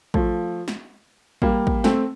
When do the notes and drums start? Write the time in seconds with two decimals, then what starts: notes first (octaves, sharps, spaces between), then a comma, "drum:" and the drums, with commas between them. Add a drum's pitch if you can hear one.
0.14 F3 A3, drum: kick
0.68 drum: snare
1.42 G3 A#3, drum: kick
1.67 drum: kick
1.84 A3 C4, drum: snare